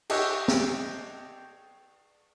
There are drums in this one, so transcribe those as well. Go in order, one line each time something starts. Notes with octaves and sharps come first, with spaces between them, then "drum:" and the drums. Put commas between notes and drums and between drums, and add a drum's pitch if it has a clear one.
G4 C#5 D#5 E5 F#5 G5, drum: cymbal
drum: snare